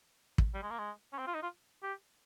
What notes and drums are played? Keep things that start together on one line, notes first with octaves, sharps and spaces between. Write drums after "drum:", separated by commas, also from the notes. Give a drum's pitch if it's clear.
drum: kick
G3
G#3
A#3
G#3
C#4
C4
F4
D#4
F4
G4